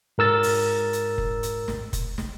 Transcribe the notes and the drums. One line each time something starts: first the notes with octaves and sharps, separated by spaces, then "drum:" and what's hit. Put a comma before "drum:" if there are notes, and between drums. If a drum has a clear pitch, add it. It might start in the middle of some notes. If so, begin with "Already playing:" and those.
G#2 A#4 E6 A6
drum: open hi-hat
drum: hi-hat
drum: kick F1
drum: hi-hat
drum: snare
drum: kick F1, hi-hat
drum: snare